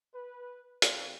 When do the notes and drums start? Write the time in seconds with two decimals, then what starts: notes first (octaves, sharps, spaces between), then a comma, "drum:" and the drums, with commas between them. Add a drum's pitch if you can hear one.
0.13 B4
0.82 F2, drum: hi-hat